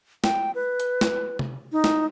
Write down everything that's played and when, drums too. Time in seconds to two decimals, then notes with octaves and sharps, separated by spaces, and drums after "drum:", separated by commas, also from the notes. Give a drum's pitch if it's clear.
0.24 G5, drum: snare
0.55 B4
0.80 drum: hi-hat
1.01 drum: snare
1.39 drum: tom C3
1.72 D#4
1.84 drum: snare